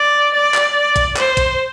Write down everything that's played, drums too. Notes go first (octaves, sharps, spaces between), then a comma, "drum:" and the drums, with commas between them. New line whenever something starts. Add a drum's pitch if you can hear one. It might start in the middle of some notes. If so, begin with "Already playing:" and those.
Already playing: D5
D5
drum: clap
drum: kick, hi-hat
C5, drum: clap
drum: kick, hi-hat